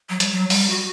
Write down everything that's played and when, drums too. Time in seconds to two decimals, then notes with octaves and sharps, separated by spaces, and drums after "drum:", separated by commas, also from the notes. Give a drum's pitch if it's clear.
0.10 F#3
0.20 G3, drum: hi-hat
0.31 F#3
0.50 G3, drum: open hi-hat
0.70 F#4